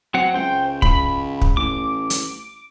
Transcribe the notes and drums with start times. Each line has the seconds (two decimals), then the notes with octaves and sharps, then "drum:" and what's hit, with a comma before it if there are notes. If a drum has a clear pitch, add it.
0.14 F#3 C4 F#5
0.34 C#2 C5 G5
0.82 C#2 B5, drum: kick
1.41 drum: kick
1.57 A1 D6
2.10 drum: hi-hat